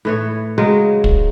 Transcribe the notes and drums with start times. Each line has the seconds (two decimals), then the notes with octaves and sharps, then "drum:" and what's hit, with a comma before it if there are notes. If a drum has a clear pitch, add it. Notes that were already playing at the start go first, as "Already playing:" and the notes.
0.05 A2 E3 C#5
0.58 C#3 F#3 G#3
1.04 drum: kick